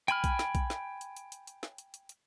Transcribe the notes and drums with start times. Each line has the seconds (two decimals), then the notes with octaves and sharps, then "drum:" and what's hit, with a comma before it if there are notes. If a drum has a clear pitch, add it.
0.08 G5 G#5 B5 F6, drum: hi-hat
0.24 drum: kick A#1, hi-hat
0.39 drum: snare
0.55 drum: kick A#1, hi-hat
0.70 drum: snare
1.01 drum: hi-hat
1.17 drum: hi-hat
1.32 drum: hi-hat
1.47 drum: hi-hat
1.63 drum: snare
1.78 drum: hi-hat
1.94 drum: hi-hat
2.09 drum: hi-hat